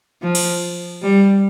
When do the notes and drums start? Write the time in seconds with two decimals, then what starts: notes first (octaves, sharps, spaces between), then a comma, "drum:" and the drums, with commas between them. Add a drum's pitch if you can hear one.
0.22 F3
0.35 drum: cymbal
1.02 G3